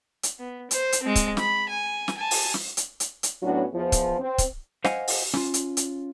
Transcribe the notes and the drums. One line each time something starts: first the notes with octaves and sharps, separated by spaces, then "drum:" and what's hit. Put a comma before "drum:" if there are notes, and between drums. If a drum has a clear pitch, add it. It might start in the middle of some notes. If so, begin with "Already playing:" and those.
drum: hi-hat
B3
C5, drum: hi-hat
drum: hi-hat
G#3 C4
drum: kick, hi-hat
B5, drum: snare
G#5
drum: snare
G#5 A5
drum: open hi-hat
drum: snare
drum: hi-hat
drum: hi-hat
drum: hi-hat
A2 F#3 B3 C#4 D4 F#4
E2 F3
drum: kick, hi-hat
C4
drum: kick, hi-hat
C5 D#5 F5 F#5 G#5, drum: snare
drum: open hi-hat
C#4 F4, drum: snare
drum: hi-hat
drum: hi-hat